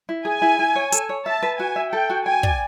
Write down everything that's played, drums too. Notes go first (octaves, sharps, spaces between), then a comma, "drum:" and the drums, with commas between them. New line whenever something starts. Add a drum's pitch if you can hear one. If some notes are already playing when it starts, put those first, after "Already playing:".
E4
G#4 G#5
E4
E4
C#5
A4, drum: hi-hat
C#5
E5 A5
B4
F#4 G#5
E5
A4 G5
F#4
G5 G#5
D5, drum: kick